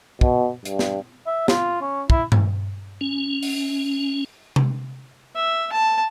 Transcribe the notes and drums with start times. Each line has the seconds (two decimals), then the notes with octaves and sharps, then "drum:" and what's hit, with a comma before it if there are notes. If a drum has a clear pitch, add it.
0.21 B2, drum: kick
0.65 G2, drum: hi-hat
0.79 drum: snare
1.27 E5
1.48 F4, drum: snare
1.81 C#4
2.10 E4, drum: kick
2.32 drum: tom G2
3.01 C#4
3.43 drum: open hi-hat
4.56 drum: tom C3
5.35 E5
5.73 A5